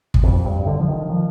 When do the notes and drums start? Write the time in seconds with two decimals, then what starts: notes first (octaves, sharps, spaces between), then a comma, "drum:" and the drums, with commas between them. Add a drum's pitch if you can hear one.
0.14 drum: kick
0.23 F2
0.45 G2
0.66 D3
0.80 F3
0.88 D#3
1.10 F3